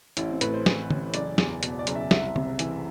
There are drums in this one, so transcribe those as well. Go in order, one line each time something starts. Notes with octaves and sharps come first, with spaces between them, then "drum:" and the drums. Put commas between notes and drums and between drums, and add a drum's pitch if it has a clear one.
A1 E4, drum: hi-hat
C4
A2 B4, drum: hi-hat
C5
E3, drum: snare
A1, drum: tom
F#1 D5, drum: hi-hat
E2, drum: snare
B2, drum: hi-hat
D5
F#1, drum: hi-hat
E5
C2 E5, drum: snare
C3, drum: tom
E3, drum: hi-hat